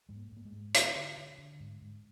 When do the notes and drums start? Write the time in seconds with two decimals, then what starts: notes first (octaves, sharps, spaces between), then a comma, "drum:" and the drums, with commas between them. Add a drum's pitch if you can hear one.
0.09 G#2 G#3
0.16 A#3
0.32 G#2 A#3
0.45 G#3
0.52 G#2
0.74 D3 A#3, drum: hi-hat
0.95 D3
1.17 D3
1.38 D3
1.60 G#2
1.82 G#2